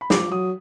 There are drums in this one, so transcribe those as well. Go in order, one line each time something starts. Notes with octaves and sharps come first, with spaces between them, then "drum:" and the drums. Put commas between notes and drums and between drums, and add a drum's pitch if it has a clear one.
B5
F3 D6, drum: snare
F#3 D#6